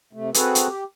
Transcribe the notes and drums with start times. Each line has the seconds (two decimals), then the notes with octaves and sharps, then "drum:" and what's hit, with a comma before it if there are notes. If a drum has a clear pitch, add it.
0.13 C3 A3
0.34 C4 F#4 G#4 A4 B4, drum: hi-hat
0.55 drum: hi-hat
0.68 G4